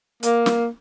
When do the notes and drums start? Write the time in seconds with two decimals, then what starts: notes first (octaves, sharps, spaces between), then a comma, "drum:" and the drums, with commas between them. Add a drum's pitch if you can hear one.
0.23 A#3, drum: hi-hat
0.46 drum: snare